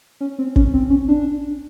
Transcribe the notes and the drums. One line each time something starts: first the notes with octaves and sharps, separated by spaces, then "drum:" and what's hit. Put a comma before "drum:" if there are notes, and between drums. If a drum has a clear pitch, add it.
C#4
C4
C#4, drum: kick
C4
C#4
D4